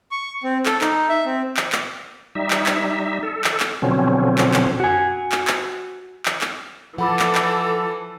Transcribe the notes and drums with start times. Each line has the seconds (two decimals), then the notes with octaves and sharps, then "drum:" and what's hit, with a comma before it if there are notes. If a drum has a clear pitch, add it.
0.11 C#6
0.43 C4
0.66 A4, drum: clap
0.81 D#4, drum: clap
1.09 E5
1.25 C4
1.57 drum: clap
1.72 drum: clap
2.35 G3 D#4 E5
2.51 drum: clap
2.66 drum: clap
3.23 A4
3.44 drum: clap
3.60 drum: clap
3.82 B2 D3 F3 F#3 C4 C#4
4.38 drum: clap
4.54 drum: clap
4.80 F#4 G#5
5.32 drum: clap
5.47 drum: clap
6.26 drum: clap
6.41 drum: clap
6.98 E3 F3 A4 F#5 B5 D6
7.19 drum: clap
7.35 drum: clap